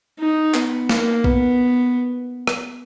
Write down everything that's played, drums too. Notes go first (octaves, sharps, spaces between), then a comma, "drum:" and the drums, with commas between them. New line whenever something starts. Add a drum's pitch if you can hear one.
D#4
B3, drum: clap
A#3, drum: snare
B3, drum: kick A#1
drum: rim click